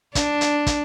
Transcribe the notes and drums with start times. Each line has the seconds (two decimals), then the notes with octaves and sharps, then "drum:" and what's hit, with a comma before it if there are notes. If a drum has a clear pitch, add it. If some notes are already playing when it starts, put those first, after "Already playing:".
0.15 D4, drum: kick, hi-hat
0.41 drum: hi-hat
0.67 drum: kick, hi-hat